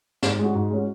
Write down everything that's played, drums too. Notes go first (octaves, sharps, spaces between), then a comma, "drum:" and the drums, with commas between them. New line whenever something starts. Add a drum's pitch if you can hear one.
G#2, drum: snare
G#3 C#4 F#4
G#2
G#3 C#4 F#4